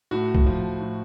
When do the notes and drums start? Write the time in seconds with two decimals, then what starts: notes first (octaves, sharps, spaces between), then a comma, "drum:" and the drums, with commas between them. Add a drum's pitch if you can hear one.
0.11 A2 F#4
0.35 drum: kick
0.46 F3
0.80 A2